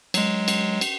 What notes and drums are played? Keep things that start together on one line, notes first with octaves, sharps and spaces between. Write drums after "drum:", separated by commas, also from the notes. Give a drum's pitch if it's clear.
F#3 G#3, drum: cymbal
drum: cymbal
drum: cymbal